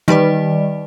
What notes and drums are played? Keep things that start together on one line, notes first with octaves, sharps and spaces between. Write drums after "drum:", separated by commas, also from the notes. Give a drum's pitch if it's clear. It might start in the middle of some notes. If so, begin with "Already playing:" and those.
D#3 G3 B4 D5, drum: tom